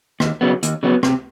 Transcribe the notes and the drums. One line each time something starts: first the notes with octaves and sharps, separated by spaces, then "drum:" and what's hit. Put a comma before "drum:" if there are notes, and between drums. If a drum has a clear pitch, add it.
D#2, drum: rim click
C#3 F#3 B3
D#2, drum: hi-hat
C#3 F#3 B3
C3, drum: rim click